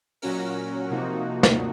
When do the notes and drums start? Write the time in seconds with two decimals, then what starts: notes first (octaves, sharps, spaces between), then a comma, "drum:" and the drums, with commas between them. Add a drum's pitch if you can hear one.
0.22 A#2 F#3 C#4 F#4 A#4, drum: open hi-hat
0.90 C3 F3 A#3 D#4 F#4
1.43 drum: snare